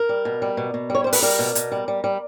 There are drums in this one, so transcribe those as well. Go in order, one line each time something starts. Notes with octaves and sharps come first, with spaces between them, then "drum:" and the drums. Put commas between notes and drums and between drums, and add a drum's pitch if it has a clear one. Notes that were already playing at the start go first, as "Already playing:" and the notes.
Already playing: A#4
G3
B2
G3
B2
B2
G3 C#5
G3 C5
B4, drum: open hi-hat
G3 A#4
B2
B2, drum: hi-hat
G3
G3
G3